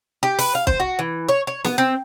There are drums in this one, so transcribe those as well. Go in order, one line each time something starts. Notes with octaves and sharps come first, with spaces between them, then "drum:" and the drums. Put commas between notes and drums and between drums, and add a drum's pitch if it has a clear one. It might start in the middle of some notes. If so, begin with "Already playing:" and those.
G4
B4, drum: open hi-hat
F5
C5, drum: kick
F#4
E3
C#5
C#5
B3, drum: snare
C4